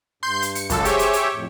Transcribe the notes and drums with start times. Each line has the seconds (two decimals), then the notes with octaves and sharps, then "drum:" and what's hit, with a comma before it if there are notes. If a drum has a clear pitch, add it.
0.23 G2 C6 G6
0.42 drum: hi-hat
0.55 C#7, drum: hi-hat
0.70 C#2 F#2 A4 F5, drum: kick, hi-hat
0.85 G4 G#4 C5 C#5 E5 G#5, drum: hi-hat
0.99 drum: hi-hat
1.13 drum: hi-hat
1.32 F2 A2